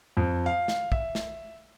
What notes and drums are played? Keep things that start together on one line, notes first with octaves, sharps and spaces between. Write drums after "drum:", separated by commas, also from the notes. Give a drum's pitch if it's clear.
F2
F5
drum: snare
E5, drum: kick
drum: snare